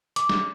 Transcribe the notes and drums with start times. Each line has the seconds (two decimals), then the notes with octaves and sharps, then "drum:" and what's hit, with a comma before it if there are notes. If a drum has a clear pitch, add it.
0.16 D6, drum: hi-hat
0.29 drum: snare